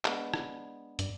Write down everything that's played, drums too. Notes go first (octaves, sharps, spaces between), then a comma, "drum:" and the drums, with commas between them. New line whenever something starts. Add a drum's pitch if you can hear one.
G#3 B3 D4, drum: clap
drum: rim click
G2 D5, drum: hi-hat